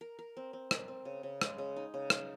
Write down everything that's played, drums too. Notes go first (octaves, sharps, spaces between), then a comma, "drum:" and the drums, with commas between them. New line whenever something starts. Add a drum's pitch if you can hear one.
A#4
A#4
C4
C4
A#4, drum: rim click
C4
C#3
C#3
G#3, drum: rim click
C#3
D#4
C#3
D#4, drum: rim click